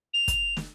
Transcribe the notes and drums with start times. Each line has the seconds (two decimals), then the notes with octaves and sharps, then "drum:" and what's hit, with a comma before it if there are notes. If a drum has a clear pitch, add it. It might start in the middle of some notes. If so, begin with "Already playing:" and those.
0.13 F7
0.28 drum: kick, hi-hat
0.57 drum: snare